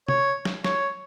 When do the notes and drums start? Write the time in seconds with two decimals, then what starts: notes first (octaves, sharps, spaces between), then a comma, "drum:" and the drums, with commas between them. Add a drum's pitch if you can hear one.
0.08 C#5, drum: tom
0.45 drum: snare
0.64 C#5, drum: snare